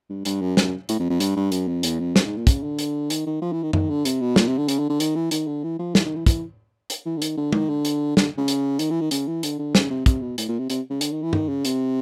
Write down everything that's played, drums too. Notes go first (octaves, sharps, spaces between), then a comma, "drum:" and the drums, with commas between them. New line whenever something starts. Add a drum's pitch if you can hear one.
G2
G2, drum: hi-hat
F#2
F#2, drum: snare
A2, drum: hi-hat
F2
F2
G2, drum: hi-hat
G2
F#2, drum: hi-hat
F2
E2, drum: hi-hat
F2
F#2, drum: snare
G#2
A#2
C#3, drum: kick, hi-hat
D3
drum: hi-hat
D#3, drum: hi-hat
D#3
F3
E3
D#3
D#3, drum: tom F#2
D3
C3, drum: hi-hat
B2
A#2, drum: snare
C3
D3
C#3, drum: hi-hat
D3
D3
D#3, drum: hi-hat
E3
D#3, drum: hi-hat
D3
E3
F3
E3, drum: snare
D#3
E3
E3, drum: kick, hi-hat
drum: hi-hat
E3
D3
D#3, drum: hi-hat
D3
D#3, drum: tom
D3
drum: hi-hat
D3, drum: snare
C#3
drum: hi-hat
D#3, drum: hi-hat
E3
D#3
C#3, drum: hi-hat
E3
D3, drum: hi-hat
D3
C#3, drum: snare
C3
C3, drum: kick, hi-hat
B2
A2, drum: hi-hat
A#2
C3
C3, drum: hi-hat
C#3
D3, drum: hi-hat
D#3
E3
D#3, drum: tom
C#3
C3, drum: hi-hat